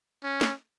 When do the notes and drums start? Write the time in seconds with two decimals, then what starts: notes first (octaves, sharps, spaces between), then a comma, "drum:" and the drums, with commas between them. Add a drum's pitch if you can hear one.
0.24 C#4
0.41 drum: snare